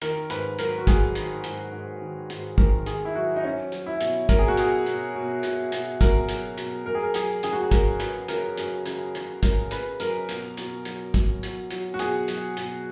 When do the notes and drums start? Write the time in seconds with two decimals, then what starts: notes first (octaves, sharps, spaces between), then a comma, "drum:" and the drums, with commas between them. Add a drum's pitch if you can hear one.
0.02 D#3 A#4, drum: hi-hat
0.30 G#2 B4, drum: hi-hat
0.59 F#3 A#4, drum: hi-hat
0.78 F#4
0.87 F#3 G#4, drum: kick, hi-hat
1.15 D#3, drum: hi-hat
1.44 G#2, drum: hi-hat
1.72 G#2
2.02 D#3
2.30 G#2, drum: hi-hat
2.58 D#3 A#4, drum: kick
2.86 D#3 G#4, drum: hi-hat
3.05 E4
3.15 F#3 F#4
3.36 D#4
3.44 F#3 C#4
3.72 F#3, drum: hi-hat
3.86 E4
4.01 B2, drum: hi-hat
4.29 B2 A#4, drum: kick, hi-hat
4.39 G#4
4.48 F#4
4.57 B2 G#4, drum: hi-hat
4.86 B2, drum: hi-hat
5.15 B2
5.43 B2, drum: hi-hat
5.72 B2, drum: hi-hat
6.01 B2 A#4, drum: kick, hi-hat
6.29 F#3, drum: hi-hat
6.58 B2, drum: hi-hat
6.86 F#2 A#4
6.95 G#4
7.03 A#4
7.14 F#3 G#4, drum: hi-hat
7.43 C#3 G#4, drum: hi-hat
7.53 F#4
7.62 G#4
7.71 C#3 A#4, drum: kick, hi-hat
8.00 F#2 B4, drum: hi-hat
8.28 C#3 A#4, drum: hi-hat
8.58 F#2, drum: hi-hat
8.86 C#3, drum: hi-hat
9.15 C#3, drum: hi-hat
9.43 C#3 A#4, drum: kick, hi-hat
9.71 C#3 B4, drum: hi-hat
10.00 F#2 A#4, drum: hi-hat
10.29 B2, drum: hi-hat
10.57 B2, drum: hi-hat
10.85 F#3, drum: hi-hat
11.14 F#3, drum: kick, hi-hat
11.43 F#3, drum: hi-hat
11.71 F#3, drum: hi-hat
11.94 F#4
11.99 B2 G#4, drum: hi-hat
12.28 F#3, drum: hi-hat
12.57 B2, drum: hi-hat